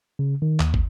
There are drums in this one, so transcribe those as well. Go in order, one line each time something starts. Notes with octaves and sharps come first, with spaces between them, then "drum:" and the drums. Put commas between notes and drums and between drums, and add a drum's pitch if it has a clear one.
C#3
D#3
D#2, drum: clap
drum: kick